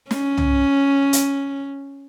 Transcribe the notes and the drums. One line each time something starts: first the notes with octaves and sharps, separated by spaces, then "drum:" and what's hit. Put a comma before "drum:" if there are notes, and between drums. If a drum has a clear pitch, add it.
C#4, drum: snare
drum: tom C2
drum: hi-hat